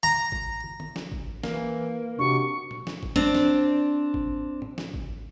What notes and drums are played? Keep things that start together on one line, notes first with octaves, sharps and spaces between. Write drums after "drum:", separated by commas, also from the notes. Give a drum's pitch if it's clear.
A#5
drum: kick G#1
drum: tom D#3
drum: snare
drum: kick G#1
E3 A#3, drum: snare
C3 D4 F#4 C#6
drum: tom A#2
drum: snare
drum: kick G#1
C4 D4
drum: snare
drum: kick G#1
drum: tom A2
drum: snare
drum: kick G#1